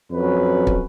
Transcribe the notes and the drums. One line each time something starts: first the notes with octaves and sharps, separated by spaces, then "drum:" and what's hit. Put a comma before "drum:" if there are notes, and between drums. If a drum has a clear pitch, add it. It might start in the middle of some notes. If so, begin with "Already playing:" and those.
F2 F#3 C#4 B4
drum: kick